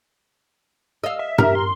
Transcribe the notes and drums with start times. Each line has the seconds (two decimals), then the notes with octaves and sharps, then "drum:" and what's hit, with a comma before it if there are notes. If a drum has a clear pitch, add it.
1.04 D#5 F5 E6
1.19 E5
1.38 G4 A#4 A#5 F6, drum: tom G2
1.55 C6